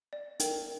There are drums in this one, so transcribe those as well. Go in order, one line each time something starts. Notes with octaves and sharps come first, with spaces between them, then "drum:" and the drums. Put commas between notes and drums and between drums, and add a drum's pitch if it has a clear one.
D5
A#4 G5, drum: hi-hat